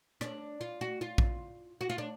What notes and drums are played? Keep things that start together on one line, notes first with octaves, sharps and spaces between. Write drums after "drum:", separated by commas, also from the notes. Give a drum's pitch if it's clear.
D4, drum: rim click
F4
F#4
F4
drum: kick A#1
F#4
F4
D4